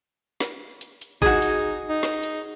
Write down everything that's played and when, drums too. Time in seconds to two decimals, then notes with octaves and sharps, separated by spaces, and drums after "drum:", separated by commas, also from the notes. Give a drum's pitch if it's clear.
0.40 drum: snare
0.81 drum: hi-hat
1.01 drum: hi-hat
1.22 D#4 F#4 G#4, drum: kick G#1, hi-hat
1.42 drum: open hi-hat
1.89 D#4
2.03 drum: snare
2.23 drum: hi-hat